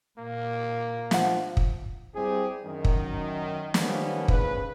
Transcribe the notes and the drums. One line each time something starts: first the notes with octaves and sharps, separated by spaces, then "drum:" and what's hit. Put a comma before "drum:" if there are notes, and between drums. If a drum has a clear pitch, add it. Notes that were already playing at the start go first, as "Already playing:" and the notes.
A#2 A#3
F3 E5 F#5, drum: snare
drum: kick
G3 C4 E4 G4 G#4
F#2 D#3
drum: kick
D#3 F3 G3 A#3 B3 C#4, drum: snare
A#1 G#2 C#3 B4, drum: kick